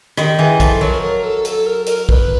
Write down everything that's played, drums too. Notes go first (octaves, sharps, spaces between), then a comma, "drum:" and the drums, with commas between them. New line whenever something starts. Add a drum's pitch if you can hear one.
D#3 G4, drum: rim click
E3 G#4
F3 A4, drum: kick, hi-hat
F#3 A#4
A#4
A4
A4, drum: hi-hat
A#4
A#4, drum: hi-hat
B4, drum: kick